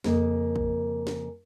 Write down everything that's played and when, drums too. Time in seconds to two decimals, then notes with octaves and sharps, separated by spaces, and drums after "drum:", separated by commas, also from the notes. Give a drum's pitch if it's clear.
0.04 F2 C#3 A#3 A#4 D#5, drum: snare
0.56 drum: kick
1.07 drum: snare